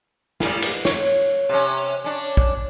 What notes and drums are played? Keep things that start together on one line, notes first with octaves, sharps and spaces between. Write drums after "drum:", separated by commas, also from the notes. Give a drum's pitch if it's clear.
A2 G3, drum: snare
drum: cymbal
C#5, drum: snare
C3 C#4
C#4 D4
drum: kick